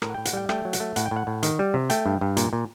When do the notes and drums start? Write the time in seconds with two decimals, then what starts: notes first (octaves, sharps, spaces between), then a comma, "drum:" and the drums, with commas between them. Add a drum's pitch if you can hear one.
0.02 A2 A#4, drum: rim click
0.10 F#5
0.14 A2 G5
0.25 F#5, drum: hi-hat
0.33 G3 G5
0.49 A3 G5, drum: rim click
0.65 F#3
0.73 F#5, drum: hi-hat
0.80 A3
0.96 A2 F#5, drum: hi-hat
1.06 G5
1.11 A2 F#5
1.27 A2
1.43 D#3, drum: hi-hat
1.59 G3
1.74 C3
1.90 A3 G5, drum: hi-hat
2.06 G2
2.21 G2
2.37 A#2, drum: hi-hat
2.53 A#2